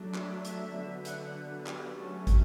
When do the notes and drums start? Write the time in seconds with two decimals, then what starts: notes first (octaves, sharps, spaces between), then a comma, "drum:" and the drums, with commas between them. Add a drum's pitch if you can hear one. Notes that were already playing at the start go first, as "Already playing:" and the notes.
Already playing: F#3 A3 D4
0.15 E5, drum: clap
0.45 E5, drum: hi-hat
0.74 D3 F#3 B3 E5
1.05 F#5, drum: hi-hat
1.67 G4, drum: clap
1.96 F#3 A3 C#4 A4
2.27 drum: kick, hi-hat